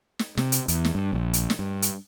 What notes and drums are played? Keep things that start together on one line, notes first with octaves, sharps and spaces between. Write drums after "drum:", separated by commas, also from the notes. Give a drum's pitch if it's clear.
drum: snare
C3, drum: snare
drum: hi-hat
E2, drum: hi-hat
drum: snare
G2
A#1
drum: hi-hat
drum: snare
G2
drum: hi-hat